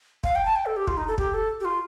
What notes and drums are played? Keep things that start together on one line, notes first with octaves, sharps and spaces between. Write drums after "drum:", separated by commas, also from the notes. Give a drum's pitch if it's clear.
F5, drum: kick
G5
A5
G5
A4
G4
F4, drum: kick
D#4
A4
G4, drum: kick
A4
G4
F4